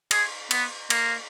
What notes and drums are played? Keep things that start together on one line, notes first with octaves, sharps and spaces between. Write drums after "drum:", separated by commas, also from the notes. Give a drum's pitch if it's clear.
G#4, drum: cymbal
B3, drum: cymbal
A#3, drum: cymbal